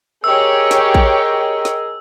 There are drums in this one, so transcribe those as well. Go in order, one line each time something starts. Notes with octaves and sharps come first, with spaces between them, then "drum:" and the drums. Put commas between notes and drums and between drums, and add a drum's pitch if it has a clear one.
G4 G#4 A#4 C#5 D#5 G5 E6
drum: snare
drum: kick
drum: snare